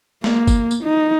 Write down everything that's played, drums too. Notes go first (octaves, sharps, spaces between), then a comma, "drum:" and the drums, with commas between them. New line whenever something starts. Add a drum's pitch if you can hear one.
A#3, drum: snare
drum: kick, tambourine
drum: tambourine
D#4